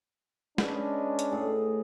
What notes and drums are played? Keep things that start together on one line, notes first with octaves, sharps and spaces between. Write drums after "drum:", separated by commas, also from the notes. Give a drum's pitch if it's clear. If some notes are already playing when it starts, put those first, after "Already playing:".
G#3 C#4 D4 B4 D#5, drum: snare G#3
drum: hi-hat
A2 G#4